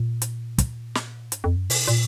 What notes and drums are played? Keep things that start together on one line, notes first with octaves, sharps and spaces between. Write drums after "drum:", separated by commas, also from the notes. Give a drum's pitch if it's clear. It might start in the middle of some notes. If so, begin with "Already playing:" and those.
Already playing: A#2
drum: hi-hat
drum: kick, hi-hat
drum: snare
G#2, drum: hi-hat
F2
F#2
B2, drum: open hi-hat
A#2